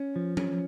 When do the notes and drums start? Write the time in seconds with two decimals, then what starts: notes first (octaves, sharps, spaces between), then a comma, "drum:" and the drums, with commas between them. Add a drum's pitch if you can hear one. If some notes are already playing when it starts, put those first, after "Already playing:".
Already playing: C#4
0.16 F3
0.37 C#4, drum: tom F3